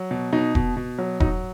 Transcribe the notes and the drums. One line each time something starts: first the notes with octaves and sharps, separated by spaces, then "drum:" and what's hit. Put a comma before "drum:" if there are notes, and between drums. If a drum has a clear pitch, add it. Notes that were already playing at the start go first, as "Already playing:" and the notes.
Already playing: F#3
B2
B2 D#4
B2, drum: kick E1
B2
F#3
F#3 D#4, drum: kick E1